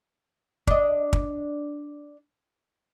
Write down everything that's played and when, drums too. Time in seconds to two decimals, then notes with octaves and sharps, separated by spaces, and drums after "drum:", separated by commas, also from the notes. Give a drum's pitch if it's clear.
0.67 D4 D#5, drum: kick
1.13 drum: kick